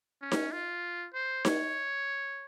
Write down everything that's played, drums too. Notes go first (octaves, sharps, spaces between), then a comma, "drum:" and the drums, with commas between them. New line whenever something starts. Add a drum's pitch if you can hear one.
C#4
drum: snare D#4
F4
C5
C#5, drum: snare D#4